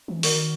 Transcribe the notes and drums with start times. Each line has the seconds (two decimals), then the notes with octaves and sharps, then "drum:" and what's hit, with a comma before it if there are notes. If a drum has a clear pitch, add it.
0.08 E3
0.23 D#3 F#4 A#4 D5, drum: open hi-hat